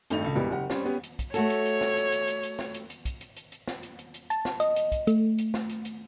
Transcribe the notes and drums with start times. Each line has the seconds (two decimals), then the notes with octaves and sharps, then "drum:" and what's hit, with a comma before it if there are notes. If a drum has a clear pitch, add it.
0.10 G#1 G2 A3 D#4 F7, drum: hi-hat
0.22 C#2 A4
0.35 E1 B2 E3 G3
0.50 F#1 G4 F#5
0.70 G3 C4 C#4, drum: snare
0.85 B3 C#4 G4
1.03 drum: hi-hat
1.19 drum: kick, hi-hat
1.34 A3 F#4 A4 C#5, drum: hi-hat
1.50 drum: hi-hat
1.66 drum: hi-hat
1.81 drum: snare
1.97 drum: hi-hat
2.12 drum: hi-hat
2.28 drum: hi-hat
2.43 drum: hi-hat
2.59 drum: snare
2.74 drum: hi-hat
2.90 drum: hi-hat
3.05 drum: kick, hi-hat
3.21 drum: hi-hat
3.36 drum: hi-hat
3.52 drum: hi-hat
3.68 drum: snare
3.83 drum: hi-hat
3.99 drum: hi-hat
4.14 drum: hi-hat
4.30 A5, drum: hi-hat
4.45 drum: snare
4.60 D#5, drum: hi-hat
4.76 drum: hi-hat
4.92 drum: kick, hi-hat
5.07 A3, drum: hi-hat
5.38 drum: hi-hat
5.54 drum: snare
5.69 drum: hi-hat
5.85 drum: hi-hat